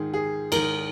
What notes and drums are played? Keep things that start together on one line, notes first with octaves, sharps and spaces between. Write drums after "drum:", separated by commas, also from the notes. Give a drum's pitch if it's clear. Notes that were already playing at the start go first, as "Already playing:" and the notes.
Already playing: G#2 D#3 G#4
G#4
G#2 D#3 A#4, drum: cymbal